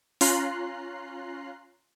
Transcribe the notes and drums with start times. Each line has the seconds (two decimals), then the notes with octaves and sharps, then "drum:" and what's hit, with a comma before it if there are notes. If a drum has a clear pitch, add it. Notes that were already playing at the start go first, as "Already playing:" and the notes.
0.21 C#4 F4 A#5 C6 F#6 C7, drum: open hi-hat